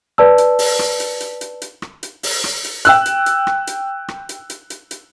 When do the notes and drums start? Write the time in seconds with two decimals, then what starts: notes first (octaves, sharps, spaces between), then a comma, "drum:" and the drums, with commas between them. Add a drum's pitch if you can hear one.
0.18 B4 D5 A5 E6
0.38 drum: hi-hat
0.59 drum: open hi-hat
0.79 drum: rim click
1.00 drum: hi-hat
1.20 drum: hi-hat
1.41 drum: hi-hat
1.62 drum: hi-hat
1.82 drum: rim click
2.03 drum: hi-hat
2.23 drum: open hi-hat
2.44 drum: rim click
2.64 drum: hi-hat
2.85 G5 E6 F#6, drum: hi-hat
3.06 drum: hi-hat
3.26 drum: hi-hat
3.47 drum: rim click
3.67 drum: hi-hat
4.08 drum: rim click
4.29 drum: hi-hat
4.50 drum: hi-hat
4.70 drum: hi-hat
4.91 drum: hi-hat